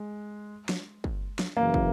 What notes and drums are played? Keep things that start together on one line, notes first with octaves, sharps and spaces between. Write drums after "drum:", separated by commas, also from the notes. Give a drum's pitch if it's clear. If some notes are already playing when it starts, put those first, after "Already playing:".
Already playing: G#3
drum: snare
drum: kick
drum: snare
F#1 F#2 E3 A#3
drum: kick